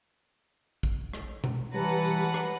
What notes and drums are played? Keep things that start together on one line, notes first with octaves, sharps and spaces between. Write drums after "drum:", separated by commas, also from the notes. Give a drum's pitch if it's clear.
drum: kick, tambourine
drum: rim click
drum: tom B2
E3 G3 B4 C#5 F#5 A5 A#5
drum: tambourine
drum: rim click